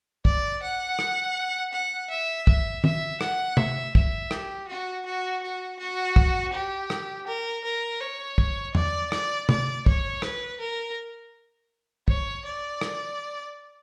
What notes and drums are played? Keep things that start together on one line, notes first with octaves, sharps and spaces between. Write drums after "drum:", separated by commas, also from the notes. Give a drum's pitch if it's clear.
D5, drum: kick
F#5
drum: rim click
F#5
E5
E5, drum: kick
E5, drum: tom
F#5, drum: rim click
E5, drum: tom C3
E5, drum: kick
G4, drum: rim click
F#4
F#4
F#4
F#4
drum: kick
G4
drum: rim click
A#4
A#4
C#5
drum: kick
D5, drum: tom E2
D5, drum: rim click
D5, drum: tom C3
C#5, drum: kick
B4, drum: rim click
A#4
C#5, drum: kick
D5
drum: rim click